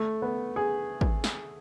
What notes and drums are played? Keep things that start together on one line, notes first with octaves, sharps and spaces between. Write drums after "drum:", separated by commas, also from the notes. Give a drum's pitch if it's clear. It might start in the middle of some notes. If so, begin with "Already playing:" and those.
Already playing: A3
B3
G#4
drum: kick
drum: snare